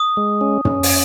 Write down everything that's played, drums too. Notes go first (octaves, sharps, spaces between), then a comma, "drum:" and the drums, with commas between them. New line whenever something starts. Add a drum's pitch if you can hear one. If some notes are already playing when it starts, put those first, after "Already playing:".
Already playing: D#6
G#3
C#4
C#4, drum: tom
drum: open hi-hat